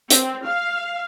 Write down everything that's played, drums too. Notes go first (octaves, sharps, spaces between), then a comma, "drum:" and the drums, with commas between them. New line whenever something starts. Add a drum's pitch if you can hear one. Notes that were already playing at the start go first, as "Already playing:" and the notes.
C4, drum: hi-hat
F5